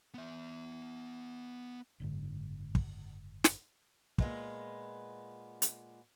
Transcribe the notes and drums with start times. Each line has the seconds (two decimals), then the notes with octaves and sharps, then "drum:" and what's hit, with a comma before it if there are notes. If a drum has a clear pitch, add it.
0.14 B3 E5
2.00 F#1 G#2 D3
2.75 drum: kick
3.44 drum: snare
4.18 A#2 G#3 B3, drum: kick
5.62 drum: hi-hat